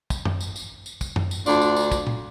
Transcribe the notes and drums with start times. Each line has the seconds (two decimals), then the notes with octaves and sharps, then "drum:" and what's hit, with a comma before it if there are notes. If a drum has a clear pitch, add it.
0.10 drum: kick, tambourine
0.25 drum: tom F#2
0.41 drum: tambourine
0.56 drum: tambourine
0.86 drum: tambourine
1.01 drum: kick, tambourine
1.16 drum: tom F#2
1.31 drum: tambourine
1.46 D2 D4 F4 D5, drum: tambourine
1.61 drum: tambourine
1.76 drum: tambourine
1.92 drum: kick, tambourine
2.07 drum: tom